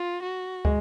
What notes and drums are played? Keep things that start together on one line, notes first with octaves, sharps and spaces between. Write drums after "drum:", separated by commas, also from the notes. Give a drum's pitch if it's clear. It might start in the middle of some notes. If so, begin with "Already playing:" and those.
Already playing: F4
F#4
G#3, drum: kick